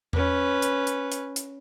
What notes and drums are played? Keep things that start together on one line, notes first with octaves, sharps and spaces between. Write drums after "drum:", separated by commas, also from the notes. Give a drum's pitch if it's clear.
C#4 B4, drum: tom E2
drum: hi-hat
drum: hi-hat
drum: hi-hat
drum: hi-hat